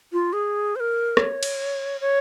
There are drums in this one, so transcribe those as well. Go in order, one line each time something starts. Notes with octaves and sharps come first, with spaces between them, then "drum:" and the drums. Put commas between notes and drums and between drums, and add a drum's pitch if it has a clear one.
F4
G#4
C5
A#4
C#5, drum: rim click
drum: cymbal
C#5